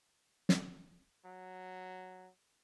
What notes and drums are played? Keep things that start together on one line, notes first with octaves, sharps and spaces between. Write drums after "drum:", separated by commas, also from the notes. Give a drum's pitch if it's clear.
drum: snare
F#3